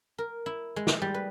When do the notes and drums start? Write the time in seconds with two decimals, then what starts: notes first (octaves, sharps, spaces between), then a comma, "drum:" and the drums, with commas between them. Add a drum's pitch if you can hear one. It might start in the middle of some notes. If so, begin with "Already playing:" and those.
0.18 A#4
0.46 E4
0.76 G#3
0.87 drum: snare
1.02 G3
1.14 B4